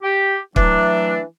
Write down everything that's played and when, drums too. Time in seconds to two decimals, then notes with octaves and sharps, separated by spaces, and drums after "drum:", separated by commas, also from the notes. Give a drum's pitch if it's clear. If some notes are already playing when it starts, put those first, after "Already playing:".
0.03 G4
0.56 E3 F#3 A3 D4, drum: kick